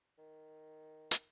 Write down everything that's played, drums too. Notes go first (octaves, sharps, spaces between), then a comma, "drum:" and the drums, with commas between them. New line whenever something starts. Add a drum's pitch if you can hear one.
D#3
drum: hi-hat